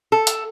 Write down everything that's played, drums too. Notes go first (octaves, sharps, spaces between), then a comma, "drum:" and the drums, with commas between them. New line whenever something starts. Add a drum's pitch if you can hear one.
A4
drum: hi-hat